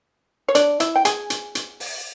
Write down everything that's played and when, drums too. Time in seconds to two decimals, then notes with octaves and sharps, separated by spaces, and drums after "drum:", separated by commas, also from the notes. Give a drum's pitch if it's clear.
0.48 C#5
0.55 D4 D5, drum: hi-hat
0.80 E4 E5, drum: hi-hat
0.96 G5
1.05 G#4 G#5, drum: hi-hat
1.30 drum: hi-hat
1.55 drum: hi-hat
1.80 drum: open hi-hat